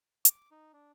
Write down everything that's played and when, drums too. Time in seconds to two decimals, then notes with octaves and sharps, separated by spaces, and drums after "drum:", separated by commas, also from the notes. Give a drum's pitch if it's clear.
0.25 D6, drum: hi-hat
0.51 D#4
0.73 D4